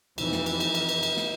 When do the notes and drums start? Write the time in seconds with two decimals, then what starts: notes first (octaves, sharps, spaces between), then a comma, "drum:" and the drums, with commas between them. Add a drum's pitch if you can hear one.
0.18 F2 C3 E3 D#4 E4, drum: cymbal
0.32 drum: snare
0.46 drum: cymbal
0.60 drum: cymbal
0.74 drum: cymbal
0.89 drum: cymbal
1.03 drum: cymbal
1.17 drum: snare